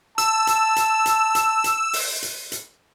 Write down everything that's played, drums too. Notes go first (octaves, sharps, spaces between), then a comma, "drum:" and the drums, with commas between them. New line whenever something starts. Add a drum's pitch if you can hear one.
A5 E6, drum: hi-hat
drum: hi-hat
drum: hi-hat
drum: hi-hat
drum: hi-hat
drum: hi-hat
drum: open hi-hat
drum: hi-hat
drum: hi-hat